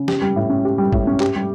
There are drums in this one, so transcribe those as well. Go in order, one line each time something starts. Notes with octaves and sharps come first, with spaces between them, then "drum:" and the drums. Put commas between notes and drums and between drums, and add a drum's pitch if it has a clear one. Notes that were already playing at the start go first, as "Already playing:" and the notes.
Already playing: C#3
G4, drum: snare
G3
A2
C#4
G4
G3
A2, drum: kick
C#4
G4, drum: clap
G3